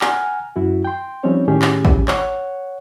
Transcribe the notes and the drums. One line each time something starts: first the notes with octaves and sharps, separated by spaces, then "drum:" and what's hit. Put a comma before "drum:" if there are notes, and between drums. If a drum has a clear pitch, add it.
F#5 G#5 A#5 F6, drum: clap
F#2 E4 F#4
G5 C6
F3 G3 C4 C#4 D#4 C#5
A2 D#3 A3 C#4 G4 G#4
drum: clap
drum: kick
C#5 F#5, drum: clap